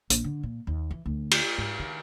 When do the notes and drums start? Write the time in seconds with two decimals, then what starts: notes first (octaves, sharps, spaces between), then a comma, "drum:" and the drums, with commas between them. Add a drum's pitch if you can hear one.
0.10 A#1, drum: hi-hat
0.24 D3
0.43 A#2
0.67 D#2
0.91 E3
1.06 D2
1.31 drum: cymbal
1.58 G#2
1.79 D#3